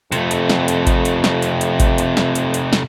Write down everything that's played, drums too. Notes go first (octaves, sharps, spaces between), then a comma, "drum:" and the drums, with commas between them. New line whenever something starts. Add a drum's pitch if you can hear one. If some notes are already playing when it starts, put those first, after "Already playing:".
F2 C3 A3, drum: hi-hat
drum: hi-hat
drum: snare
drum: hi-hat
drum: kick G#1, hi-hat
drum: hi-hat
drum: snare
drum: hi-hat
drum: hi-hat
drum: kick G#1, hi-hat
drum: hi-hat
drum: snare
drum: hi-hat
drum: hi-hat
drum: snare